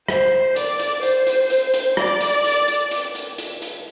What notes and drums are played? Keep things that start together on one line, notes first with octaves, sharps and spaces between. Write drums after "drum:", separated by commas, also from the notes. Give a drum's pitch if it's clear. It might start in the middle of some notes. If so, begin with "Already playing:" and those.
C5, drum: rim click
D5, drum: hi-hat
drum: hi-hat
C5, drum: hi-hat
drum: hi-hat
drum: hi-hat
drum: hi-hat
D5, drum: rim click
drum: hi-hat
drum: hi-hat
drum: hi-hat
drum: hi-hat
drum: hi-hat
drum: hi-hat
drum: hi-hat